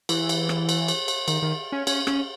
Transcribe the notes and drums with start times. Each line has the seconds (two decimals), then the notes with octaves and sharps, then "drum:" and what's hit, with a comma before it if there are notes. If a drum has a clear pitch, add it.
0.09 E3, drum: cymbal
0.29 drum: cymbal
0.49 drum: rim click
0.69 drum: cymbal
0.88 drum: cymbal
1.08 drum: cymbal
1.28 D#3, drum: cymbal
1.42 D#3
1.72 C#4
1.87 C#4, drum: cymbal
2.07 C#4, drum: rim click